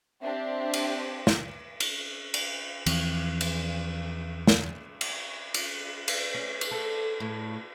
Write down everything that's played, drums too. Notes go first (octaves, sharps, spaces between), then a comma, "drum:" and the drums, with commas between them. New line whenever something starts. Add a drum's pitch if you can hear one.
C4 D4 G4 E5
drum: cymbal
drum: snare
drum: cymbal
drum: cymbal
E2 E3 F3 C4, drum: cymbal
drum: cymbal
drum: snare
drum: cymbal
drum: cymbal
drum: cymbal
C#4
drum: cymbal
A4
A2